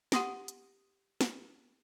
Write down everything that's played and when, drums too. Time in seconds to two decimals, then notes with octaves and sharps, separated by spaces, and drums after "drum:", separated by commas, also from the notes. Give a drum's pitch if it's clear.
0.12 G4 F#5 C6 D#6 A#6 D7, drum: snare
0.48 drum: hi-hat
1.21 drum: snare